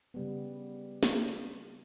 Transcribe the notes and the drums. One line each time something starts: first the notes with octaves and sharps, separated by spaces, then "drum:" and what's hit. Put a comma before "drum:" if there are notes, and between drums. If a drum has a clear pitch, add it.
C#3 G3 B3
drum: snare
drum: hi-hat